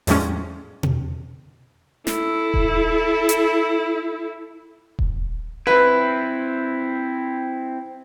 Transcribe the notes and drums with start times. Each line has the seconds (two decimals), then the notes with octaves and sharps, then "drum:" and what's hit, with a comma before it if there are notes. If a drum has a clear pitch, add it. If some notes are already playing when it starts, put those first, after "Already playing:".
0.07 E2 A2 F3 G3 G#3 C#4, drum: open hi-hat
0.83 drum: tom B2
2.07 E4 A4, drum: snare
2.54 drum: kick D#1
3.29 drum: hi-hat
4.99 drum: kick D#1
5.67 C4 E4 B4